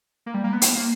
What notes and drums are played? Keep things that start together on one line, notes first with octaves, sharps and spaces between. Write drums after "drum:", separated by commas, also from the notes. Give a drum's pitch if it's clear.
A#3
G3
A#3
B3
A#3, drum: hi-hat
A#3